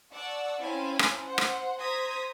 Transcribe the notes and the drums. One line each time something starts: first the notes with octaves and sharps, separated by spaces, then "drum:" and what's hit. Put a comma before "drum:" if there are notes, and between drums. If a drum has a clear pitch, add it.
D5 F#5 A5 C#6 D6 E6
C4 C#4 E4 F5 G#5 A5
drum: rim click
C5 F#5
drum: rim click
C5 A#5 D#6 G#6 A#6 B6